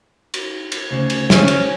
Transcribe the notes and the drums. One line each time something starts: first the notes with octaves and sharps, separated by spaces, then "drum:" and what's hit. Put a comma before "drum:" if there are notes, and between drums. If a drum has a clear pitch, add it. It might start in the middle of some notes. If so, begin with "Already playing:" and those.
drum: cymbal
drum: cymbal
D2 C#3 C5
drum: cymbal
C#4 C5 C#5, drum: snare
drum: cymbal